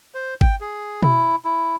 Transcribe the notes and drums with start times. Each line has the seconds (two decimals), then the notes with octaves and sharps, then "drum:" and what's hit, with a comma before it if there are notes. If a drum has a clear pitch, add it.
0.14 C5
0.41 G5, drum: kick
0.61 G#4
1.02 E4, drum: tom B2
1.45 E4